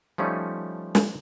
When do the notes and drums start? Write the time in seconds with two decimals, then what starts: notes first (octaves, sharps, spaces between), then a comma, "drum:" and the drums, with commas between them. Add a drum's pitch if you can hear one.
0.18 F3 G3 A3 C#4 D#4
0.95 drum: snare